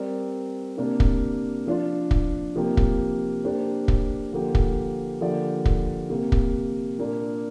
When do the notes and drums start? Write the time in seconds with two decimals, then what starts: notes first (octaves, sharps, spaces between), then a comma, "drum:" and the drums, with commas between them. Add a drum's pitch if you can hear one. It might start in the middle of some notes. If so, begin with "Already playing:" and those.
Already playing: G3 C4 A#4 D5
0.77 C3 A#3 D4
1.00 drum: kick
1.66 F3 D4 F4
2.11 drum: kick
2.55 C3 F3 A#3 G4
2.77 drum: kick
3.44 A#3 D4 G4 C5
3.88 drum: kick
4.33 D3 F3 A#3 G4
4.55 drum: kick
5.21 D3 F3 A#3 G4 D5
5.65 drum: kick
6.10 C3 A#3 G4
6.32 drum: kick
6.98 A#2 A#3 D4